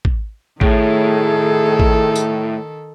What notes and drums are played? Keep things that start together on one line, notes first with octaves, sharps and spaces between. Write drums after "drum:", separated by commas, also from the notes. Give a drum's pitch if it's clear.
drum: kick
A2 D#3 G#4 A4, drum: kick
drum: kick
drum: tambourine